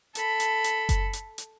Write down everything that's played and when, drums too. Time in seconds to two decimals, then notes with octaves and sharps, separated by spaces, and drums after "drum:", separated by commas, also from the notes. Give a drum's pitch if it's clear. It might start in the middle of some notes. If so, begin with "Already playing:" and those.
0.15 A4 B5, drum: hi-hat
0.40 drum: hi-hat
0.64 drum: hi-hat
0.89 drum: kick F#1, hi-hat
1.13 drum: hi-hat
1.38 drum: hi-hat